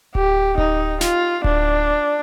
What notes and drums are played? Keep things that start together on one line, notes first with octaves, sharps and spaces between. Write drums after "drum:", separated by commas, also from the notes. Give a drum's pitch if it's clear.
G4, drum: kick D1
D#4, drum: kick D1
F4, drum: snare
D4, drum: kick D1